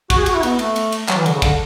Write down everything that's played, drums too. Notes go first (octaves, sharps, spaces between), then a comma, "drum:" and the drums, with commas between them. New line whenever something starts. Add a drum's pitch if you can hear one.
F#4, drum: kick, cymbal
G#4
F#4, drum: cymbal
E4
B3, drum: cymbal
A3, drum: cymbal
drum: cymbal
drum: cymbal
F#3, drum: clap
E3
D3, drum: cymbal
C#3
D3, drum: kick, cymbal